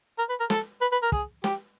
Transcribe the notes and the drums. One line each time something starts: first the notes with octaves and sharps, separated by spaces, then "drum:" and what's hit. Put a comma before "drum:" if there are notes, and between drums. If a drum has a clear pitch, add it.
A#4
B4
A#4
A4, drum: snare
B4
B4
A#4
G#4, drum: kick
G4, drum: snare